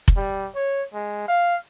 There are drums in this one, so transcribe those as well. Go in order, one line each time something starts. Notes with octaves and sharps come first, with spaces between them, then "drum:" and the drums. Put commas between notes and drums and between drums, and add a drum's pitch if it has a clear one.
drum: kick F1
G3
C#5
G#3
F5